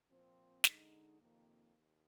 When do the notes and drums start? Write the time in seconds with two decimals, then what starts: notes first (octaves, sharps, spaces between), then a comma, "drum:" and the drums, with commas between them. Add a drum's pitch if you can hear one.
0.09 A#2 F3 C4
0.64 D3 G#3 D#4, drum: snare
1.21 F2 C3 D#3 A#3
1.76 D#2